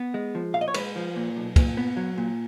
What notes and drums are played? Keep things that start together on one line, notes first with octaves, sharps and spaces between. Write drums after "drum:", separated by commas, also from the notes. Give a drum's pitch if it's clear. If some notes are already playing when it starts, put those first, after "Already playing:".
Already playing: B3
G#3
F3
A#2 F5
D#5
C#5
G#3 B4, drum: cymbal
F3
A#2
B1
A#2, drum: kick, cymbal
B3
F#3
A#2